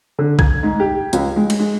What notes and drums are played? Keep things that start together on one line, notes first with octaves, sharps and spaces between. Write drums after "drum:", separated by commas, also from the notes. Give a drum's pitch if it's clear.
D3
G#6, drum: kick B1
G#2
G4
C#2, drum: hi-hat
G#3
drum: cymbal
G#3